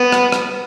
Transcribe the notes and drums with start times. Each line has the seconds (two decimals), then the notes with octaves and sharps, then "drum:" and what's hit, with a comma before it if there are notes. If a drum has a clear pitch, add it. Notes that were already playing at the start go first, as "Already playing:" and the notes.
Already playing: B3
0.12 drum: rim click
0.32 drum: rim click